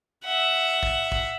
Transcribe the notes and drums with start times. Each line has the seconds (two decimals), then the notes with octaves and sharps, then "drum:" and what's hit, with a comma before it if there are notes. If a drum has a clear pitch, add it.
0.24 E5 F#5
0.83 drum: kick
1.12 drum: kick